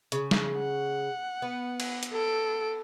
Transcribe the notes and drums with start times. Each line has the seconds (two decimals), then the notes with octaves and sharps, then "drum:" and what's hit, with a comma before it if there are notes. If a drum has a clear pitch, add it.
0.12 C#3, drum: hi-hat
0.31 drum: snare
0.60 F#5
1.42 B3
1.80 drum: cymbal
2.03 drum: hi-hat
2.13 A4 D7